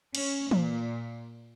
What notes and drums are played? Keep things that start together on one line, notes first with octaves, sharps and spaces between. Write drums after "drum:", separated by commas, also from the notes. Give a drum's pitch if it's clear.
C#4, drum: cymbal
A#2, drum: tom E3